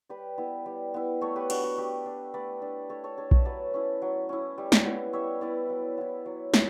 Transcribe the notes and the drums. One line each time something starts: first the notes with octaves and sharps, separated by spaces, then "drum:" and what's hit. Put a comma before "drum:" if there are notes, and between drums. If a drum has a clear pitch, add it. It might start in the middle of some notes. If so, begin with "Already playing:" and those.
G3 G4 B4
B3 E4
G3
B3 E4
A3 A4 C#5
G4 B4
D4 F#4, drum: cymbal
F#4
A3 G4
D4
A3 B4 D5
D4
A3 A4 C#5
A4 C#5
D4 A4 C#5
C#5 E5, drum: kick B1
F#3 B4 D5
C#4 E4
F#3
C#4 E4
G3
drum: snare
B3 E4
G3 C#5 E5
B3 E4 B4 D5
F#3
B3 E4
F#3
E4, drum: snare